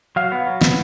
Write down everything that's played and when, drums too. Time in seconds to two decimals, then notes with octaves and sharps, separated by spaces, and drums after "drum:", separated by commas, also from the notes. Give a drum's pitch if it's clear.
0.16 F#3 F5
0.32 B3
0.47 F#3
0.61 B3, drum: snare